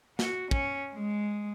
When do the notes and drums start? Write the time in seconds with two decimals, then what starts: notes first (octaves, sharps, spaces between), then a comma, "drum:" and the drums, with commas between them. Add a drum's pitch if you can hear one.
0.19 F#4, drum: snare
0.51 C#4, drum: kick
0.94 G#3